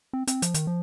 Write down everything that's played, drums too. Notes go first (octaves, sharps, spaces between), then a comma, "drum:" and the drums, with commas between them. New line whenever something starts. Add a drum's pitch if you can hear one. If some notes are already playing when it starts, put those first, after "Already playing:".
C4
C4, drum: hi-hat
F3, drum: hi-hat
D#3, drum: hi-hat
F3